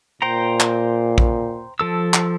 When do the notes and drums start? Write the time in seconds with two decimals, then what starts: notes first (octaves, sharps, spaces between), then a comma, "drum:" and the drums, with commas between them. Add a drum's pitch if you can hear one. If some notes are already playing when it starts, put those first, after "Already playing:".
0.22 A#2 C5 G5 A#5
0.60 drum: clap
1.18 drum: kick A#1
1.79 F3 A4 E6
2.14 drum: clap